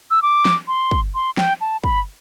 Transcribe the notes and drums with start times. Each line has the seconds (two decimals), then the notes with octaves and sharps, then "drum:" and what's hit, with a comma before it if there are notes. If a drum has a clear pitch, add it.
0.11 E6
0.22 D6
0.45 drum: snare
0.68 C6
0.91 drum: kick
1.15 C6
1.37 G5, drum: snare
1.61 A5
1.84 B5, drum: kick